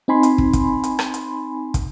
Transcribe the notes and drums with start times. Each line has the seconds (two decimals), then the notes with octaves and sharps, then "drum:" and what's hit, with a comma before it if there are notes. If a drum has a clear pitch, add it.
0.08 C4 D#4 G#5 B5 C6
0.23 drum: hi-hat
0.38 drum: kick
0.53 drum: kick, hi-hat
0.84 drum: hi-hat
0.99 drum: rim click
1.14 drum: hi-hat
1.74 drum: kick, hi-hat